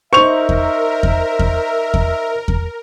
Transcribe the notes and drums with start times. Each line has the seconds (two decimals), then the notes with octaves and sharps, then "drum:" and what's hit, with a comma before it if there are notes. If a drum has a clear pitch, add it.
0.13 D#4 A#4 C5 E5 C#6 F7
0.49 drum: kick E2
1.03 drum: kick E2
1.39 drum: kick E2
1.94 drum: kick E2
2.48 drum: kick E2